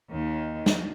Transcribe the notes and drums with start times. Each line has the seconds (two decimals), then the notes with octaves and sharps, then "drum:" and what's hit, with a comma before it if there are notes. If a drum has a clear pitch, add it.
0.10 D#2 D#3
0.66 drum: snare